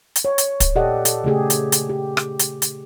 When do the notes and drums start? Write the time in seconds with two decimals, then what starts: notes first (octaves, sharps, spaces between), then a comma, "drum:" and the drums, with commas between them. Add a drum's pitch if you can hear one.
0.16 drum: hi-hat
0.25 C#5
0.38 drum: hi-hat
0.60 drum: kick, hi-hat
0.75 A#2 G4 A4 D5 D#5 F#5
1.05 A4, drum: hi-hat
1.24 C#3 A3 G4 G#4
1.50 drum: hi-hat
1.72 drum: hi-hat
1.89 G4
2.17 drum: rim click
2.39 drum: hi-hat
2.62 drum: hi-hat